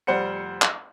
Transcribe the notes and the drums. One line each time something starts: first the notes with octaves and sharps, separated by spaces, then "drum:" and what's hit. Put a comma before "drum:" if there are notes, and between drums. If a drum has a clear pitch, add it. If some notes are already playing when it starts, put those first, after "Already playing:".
F1 G3 C5 F#5 C#7
drum: clap